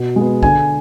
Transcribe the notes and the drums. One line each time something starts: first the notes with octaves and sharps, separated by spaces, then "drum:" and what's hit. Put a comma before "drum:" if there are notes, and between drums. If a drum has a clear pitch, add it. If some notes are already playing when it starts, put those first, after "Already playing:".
Already playing: B2
G#3 B3
D3 G#5, drum: kick A#1